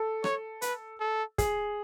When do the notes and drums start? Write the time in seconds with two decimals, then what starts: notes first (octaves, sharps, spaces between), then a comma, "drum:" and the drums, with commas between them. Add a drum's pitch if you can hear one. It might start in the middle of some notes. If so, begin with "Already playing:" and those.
Already playing: A4
0.24 C#5, drum: rim click
0.62 B4, drum: hi-hat
1.00 A4
1.38 G#4, drum: kick, hi-hat